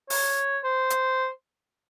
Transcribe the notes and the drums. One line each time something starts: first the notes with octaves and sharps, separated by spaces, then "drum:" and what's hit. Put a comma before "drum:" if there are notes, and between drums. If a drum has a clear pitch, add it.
C#5, drum: open hi-hat
C5
drum: hi-hat